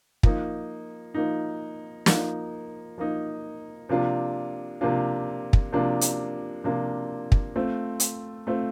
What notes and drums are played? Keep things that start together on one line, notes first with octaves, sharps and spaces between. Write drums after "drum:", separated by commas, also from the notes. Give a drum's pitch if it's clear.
F3 A#3 D#4, drum: kick
F3 A#3 D#4
F3 A#3 D#4, drum: snare
F3 A#3 D#4
C3 F3 A#3 D4 F4
C3 F3 A#3 D4 F4
drum: kick
C3 F3 A#3 D4 F4
drum: hi-hat
C3 F3 A#3 D4 F4
drum: kick
A3 C4 F4
drum: hi-hat
A3 C4 F4